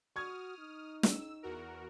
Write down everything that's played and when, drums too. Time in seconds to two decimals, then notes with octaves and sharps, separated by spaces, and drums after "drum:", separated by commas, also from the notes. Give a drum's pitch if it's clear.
0.16 F#4 C#6 D#6 F6 G#6
0.58 D#4
1.03 E6, drum: snare
1.43 E2 F#4 A#4